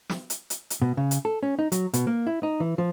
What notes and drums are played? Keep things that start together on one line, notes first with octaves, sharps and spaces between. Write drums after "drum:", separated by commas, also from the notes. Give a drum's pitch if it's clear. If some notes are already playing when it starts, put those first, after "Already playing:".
drum: snare
drum: hi-hat
drum: hi-hat
drum: hi-hat
B2
C#3
drum: hi-hat
A4
C#4
D#4
F#3, drum: hi-hat
B2, drum: hi-hat
A#3
E4
D#4
E3
F3